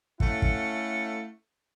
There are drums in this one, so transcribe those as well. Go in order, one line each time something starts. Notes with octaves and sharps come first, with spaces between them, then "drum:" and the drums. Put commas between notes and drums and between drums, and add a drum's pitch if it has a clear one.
A3 C#4 E4 A4 F5 F#5, drum: kick
drum: kick